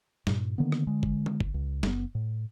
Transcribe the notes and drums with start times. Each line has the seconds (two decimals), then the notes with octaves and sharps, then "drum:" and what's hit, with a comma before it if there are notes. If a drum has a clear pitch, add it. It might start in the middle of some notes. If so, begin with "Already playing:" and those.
0.27 G2 A#2, drum: snare
0.58 D3 D#3 A#3 B3
0.72 drum: rim click
0.87 D3 G#3
1.03 drum: kick
1.26 drum: tom D3
1.40 drum: kick
1.54 C#2
1.83 F#1 B3, drum: snare
2.15 A2